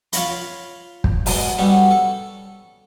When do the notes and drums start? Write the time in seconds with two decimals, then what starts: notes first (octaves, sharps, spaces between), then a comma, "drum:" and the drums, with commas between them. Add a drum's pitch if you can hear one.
0.13 F4 C#5 B5 C6, drum: hi-hat
1.04 drum: kick
1.26 B2 G#3, drum: open hi-hat
1.58 G3 B3 C#4 F#4 G4 A4
1.91 A4